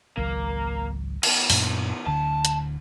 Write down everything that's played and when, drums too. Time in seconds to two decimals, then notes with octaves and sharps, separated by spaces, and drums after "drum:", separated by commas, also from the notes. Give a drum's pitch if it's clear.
0.17 G#1 C#2 F#3 A#3
1.23 D#3 B3, drum: cymbal
1.50 F#2 A#2 D4, drum: open hi-hat
2.06 D1 D3 A5
2.45 drum: hi-hat